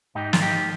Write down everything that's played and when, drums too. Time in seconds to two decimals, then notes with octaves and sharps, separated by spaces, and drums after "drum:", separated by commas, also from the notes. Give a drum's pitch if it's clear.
0.15 G#2 D#4 G4
0.33 G#2 F4, drum: snare
0.41 D#4 G4
0.51 F3